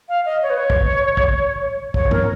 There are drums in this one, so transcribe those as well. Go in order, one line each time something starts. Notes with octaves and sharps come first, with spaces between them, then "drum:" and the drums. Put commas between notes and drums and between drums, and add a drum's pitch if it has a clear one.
F5
D#5
C#5
B4
C#5
drum: kick
drum: kick
C#5, drum: kick
A#4, drum: tom G2